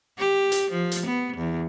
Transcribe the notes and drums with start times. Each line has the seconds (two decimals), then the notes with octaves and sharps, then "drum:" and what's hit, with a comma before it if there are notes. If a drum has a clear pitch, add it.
0.19 G4
0.52 drum: hi-hat
0.72 F3
0.91 drum: hi-hat
1.07 B3
1.38 E2